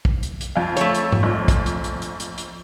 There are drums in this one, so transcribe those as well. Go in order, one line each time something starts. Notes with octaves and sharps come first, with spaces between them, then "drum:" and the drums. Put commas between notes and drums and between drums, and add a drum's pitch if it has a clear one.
drum: kick
drum: hi-hat
drum: hi-hat
F2 F5
A3 C#5, drum: hi-hat
drum: hi-hat
drum: tom G#2
A#1 F2
drum: kick, hi-hat
drum: hi-hat
drum: hi-hat
drum: hi-hat
drum: hi-hat
drum: hi-hat